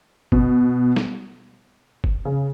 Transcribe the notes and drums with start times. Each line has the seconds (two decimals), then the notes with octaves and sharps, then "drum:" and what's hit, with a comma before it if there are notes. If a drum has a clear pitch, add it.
0.32 B2, drum: kick
0.96 drum: snare
2.04 drum: kick
2.25 C#3